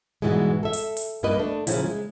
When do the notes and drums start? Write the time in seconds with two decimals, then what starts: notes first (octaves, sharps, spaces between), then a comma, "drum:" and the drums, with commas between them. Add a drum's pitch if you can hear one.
0.22 G#2 B2 E3 G3 G#3
0.63 A4 E5
0.73 drum: hi-hat
0.97 drum: hi-hat
1.23 G2 A#3 F4 B4 D#5
1.38 A3 D4
1.67 A#2 C#3 F3 E4, drum: hi-hat
1.85 G#3